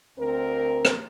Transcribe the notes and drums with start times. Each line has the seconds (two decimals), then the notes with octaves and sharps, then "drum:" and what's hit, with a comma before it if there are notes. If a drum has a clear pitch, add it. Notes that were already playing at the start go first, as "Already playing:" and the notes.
0.17 D2 C4 A#4
0.85 drum: rim click